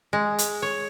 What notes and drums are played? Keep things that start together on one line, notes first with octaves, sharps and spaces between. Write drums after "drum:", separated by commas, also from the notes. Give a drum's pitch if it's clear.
G#3
drum: hi-hat
C#5